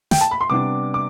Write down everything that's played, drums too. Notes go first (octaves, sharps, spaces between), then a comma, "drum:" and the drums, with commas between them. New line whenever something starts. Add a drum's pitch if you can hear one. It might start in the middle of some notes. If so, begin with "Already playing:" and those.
G5, drum: snare
A5
B5
C6
C3 G3 B3 D4 D6
D6